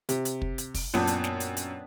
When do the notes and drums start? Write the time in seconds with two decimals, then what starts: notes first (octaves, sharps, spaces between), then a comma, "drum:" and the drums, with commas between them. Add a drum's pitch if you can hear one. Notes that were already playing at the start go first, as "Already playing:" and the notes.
0.09 C3, drum: hi-hat
0.25 drum: hi-hat
0.42 drum: kick
0.58 drum: hi-hat
0.74 drum: kick, open hi-hat
0.94 F#2 A#2 B3 D4 G5, drum: snare
1.07 drum: hi-hat
1.24 drum: snare
1.40 drum: hi-hat
1.57 drum: hi-hat